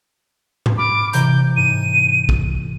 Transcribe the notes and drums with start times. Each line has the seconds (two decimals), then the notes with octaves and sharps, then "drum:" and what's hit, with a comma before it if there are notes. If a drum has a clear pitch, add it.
0.66 drum: tom G#2
0.78 B5 D6 F6 A6
1.13 C3 E3 A#5 G6, drum: hi-hat
1.57 G#2 D#7
2.29 drum: kick